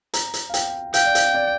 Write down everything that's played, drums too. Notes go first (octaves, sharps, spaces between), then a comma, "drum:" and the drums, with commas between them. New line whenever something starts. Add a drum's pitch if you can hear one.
A#5, drum: hi-hat
drum: hi-hat
F5
G5, drum: hi-hat
F5 G5, drum: hi-hat
D5
F5, drum: hi-hat
D5